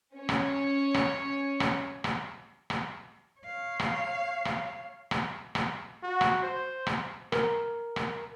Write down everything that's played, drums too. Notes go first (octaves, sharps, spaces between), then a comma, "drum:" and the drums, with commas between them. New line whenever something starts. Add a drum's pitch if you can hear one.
C#4 C#5
drum: rim click
drum: rim click
drum: rim click
drum: rim click
drum: rim click
C#5 F5
drum: rim click
drum: rim click
drum: rim click
drum: rim click
F#4
drum: rim click
C5
drum: rim click
A#4, drum: rim click
drum: rim click